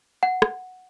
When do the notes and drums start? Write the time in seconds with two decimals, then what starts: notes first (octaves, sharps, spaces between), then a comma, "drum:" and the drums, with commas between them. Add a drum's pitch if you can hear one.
0.23 F#5
0.42 drum: rim click